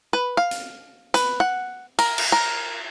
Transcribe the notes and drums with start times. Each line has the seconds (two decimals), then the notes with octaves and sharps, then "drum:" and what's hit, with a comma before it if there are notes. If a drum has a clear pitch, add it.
0.13 B4
0.37 F5
0.51 drum: hi-hat
1.14 B4, drum: hi-hat
1.40 F#5
1.99 A#4, drum: cymbal
2.18 drum: cymbal
2.32 A#4